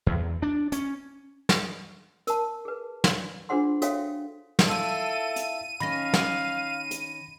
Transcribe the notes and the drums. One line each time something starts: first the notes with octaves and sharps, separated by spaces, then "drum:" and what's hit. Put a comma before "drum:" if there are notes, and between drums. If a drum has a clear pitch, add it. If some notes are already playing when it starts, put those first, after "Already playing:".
E2
D4
C#4, drum: hi-hat
drum: snare
A#4 A5, drum: hi-hat
G#4 B4
drum: snare
D4 F4 G#4 C5 F#5 C6
F#4 A4 C#5 E5 F5 G5, drum: hi-hat
drum: snare
E4 F4 A4 A5 E6 D#7
drum: hi-hat
D#3 C#4 F5 B5 A#6
drum: snare
drum: hi-hat